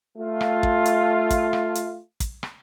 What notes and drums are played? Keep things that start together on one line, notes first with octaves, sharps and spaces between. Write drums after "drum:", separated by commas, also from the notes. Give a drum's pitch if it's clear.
A3 F4
drum: rim click
drum: kick
drum: hi-hat
drum: kick, hi-hat
drum: rim click
drum: hi-hat
drum: kick, hi-hat
drum: rim click